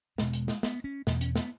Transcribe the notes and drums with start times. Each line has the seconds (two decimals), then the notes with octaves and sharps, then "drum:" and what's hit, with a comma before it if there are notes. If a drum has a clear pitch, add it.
0.18 E2 B2 G#3, drum: snare
0.33 drum: hi-hat
0.48 drum: snare
0.63 B3, drum: snare
0.84 C#4
1.07 E2 B2 B3, drum: snare
1.21 C#4, drum: hi-hat
1.36 B3, drum: snare